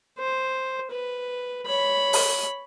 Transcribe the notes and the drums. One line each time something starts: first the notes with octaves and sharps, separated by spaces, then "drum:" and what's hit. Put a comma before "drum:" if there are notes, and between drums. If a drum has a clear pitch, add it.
C5
B4
C#5 B5
drum: open hi-hat